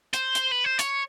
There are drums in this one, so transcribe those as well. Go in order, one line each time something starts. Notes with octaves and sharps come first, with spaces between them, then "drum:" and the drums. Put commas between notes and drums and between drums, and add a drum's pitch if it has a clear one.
C5, drum: hi-hat
drum: hi-hat
B4
C5
C#5, drum: hi-hat